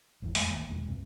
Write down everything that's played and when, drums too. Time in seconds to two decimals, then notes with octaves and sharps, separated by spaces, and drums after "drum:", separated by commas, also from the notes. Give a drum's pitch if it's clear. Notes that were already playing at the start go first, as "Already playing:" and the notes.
0.22 G#1 E2 E3
0.35 F1 F2 G#3 A3, drum: open hi-hat
0.49 D1 A1 D#3 A#3
0.69 B1 E2 G#3
0.87 C2 G2 C3